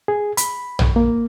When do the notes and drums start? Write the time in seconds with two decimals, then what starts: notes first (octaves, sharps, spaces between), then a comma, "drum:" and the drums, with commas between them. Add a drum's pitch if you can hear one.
0.08 G#4
0.37 B5, drum: hi-hat
0.79 drum: tom A#1
0.96 A#3